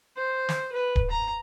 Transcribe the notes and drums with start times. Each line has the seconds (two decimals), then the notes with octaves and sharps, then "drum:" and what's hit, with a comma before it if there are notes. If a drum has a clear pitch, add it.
0.17 C5
0.49 drum: snare
0.72 B4
0.96 drum: kick D1
1.10 A#5